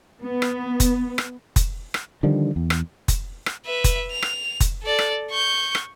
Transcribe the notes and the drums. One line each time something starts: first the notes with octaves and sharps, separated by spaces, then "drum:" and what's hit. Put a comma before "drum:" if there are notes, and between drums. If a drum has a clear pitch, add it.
B3
drum: rim click
drum: kick F1, hi-hat
drum: rim click
drum: kick F1, hi-hat
drum: rim click
D3 D#3 F3 G3
E2
drum: rim click
drum: kick F1, hi-hat
drum: rim click
B4 E5
drum: kick F1, hi-hat
F7
drum: rim click
drum: kick F1, hi-hat
A4 D5
drum: rim click
C#6 G6
drum: rim click